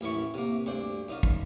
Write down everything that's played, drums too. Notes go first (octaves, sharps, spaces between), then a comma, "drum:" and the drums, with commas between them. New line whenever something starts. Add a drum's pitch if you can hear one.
A1 F#2 E3 C#6
C3 A#3
D2 G2 D4 C5
F#2 D#4 F4
drum: kick